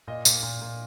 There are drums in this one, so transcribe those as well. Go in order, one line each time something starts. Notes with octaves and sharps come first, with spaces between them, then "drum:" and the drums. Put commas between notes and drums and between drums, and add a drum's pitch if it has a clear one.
A#2 D#5
A#2, drum: tambourine
A#2
A#2